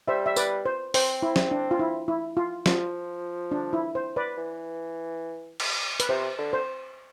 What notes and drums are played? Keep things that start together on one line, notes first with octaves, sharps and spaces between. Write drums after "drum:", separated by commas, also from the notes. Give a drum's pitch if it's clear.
G3 C5 E5
E5
B4 D5, drum: tambourine
C5
C4 C5, drum: open hi-hat
E4
drum: snare
D4
F4
E4
E4
F4
F3 F4, drum: snare
D4
E4
C5
B4 D5
E3
drum: cymbal
B4, drum: hi-hat
C3 C5
D3
C5